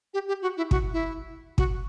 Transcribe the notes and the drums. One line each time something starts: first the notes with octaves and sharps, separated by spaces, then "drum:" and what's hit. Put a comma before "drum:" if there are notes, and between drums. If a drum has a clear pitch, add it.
G4
G4
F#4
E4
F#4, drum: kick
E4
F#4, drum: kick